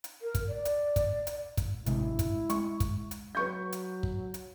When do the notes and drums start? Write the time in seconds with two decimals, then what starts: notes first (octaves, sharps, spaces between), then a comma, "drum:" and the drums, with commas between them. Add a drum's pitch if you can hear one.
0.04 drum: hi-hat
0.22 A#4
0.35 drum: kick, hi-hat
0.48 D5
0.65 drum: hi-hat
0.96 drum: kick, hi-hat
1.27 drum: hi-hat
1.57 drum: kick, hi-hat
1.86 A1 C3 G#3 E4, drum: hi-hat
2.19 drum: kick, hi-hat
2.50 G#3 C#6, drum: hi-hat
2.80 drum: kick, hi-hat
3.11 drum: hi-hat
3.35 F#3 B4 C#6 G6
3.72 drum: hi-hat
4.03 drum: kick
4.34 drum: hi-hat